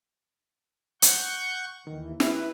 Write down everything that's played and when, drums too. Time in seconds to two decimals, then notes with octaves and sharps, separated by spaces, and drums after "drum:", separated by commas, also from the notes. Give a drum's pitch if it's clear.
1.02 F#5 C#6 G6, drum: hi-hat
1.87 D#2 D#3 E3
2.20 E4 B4 E5, drum: snare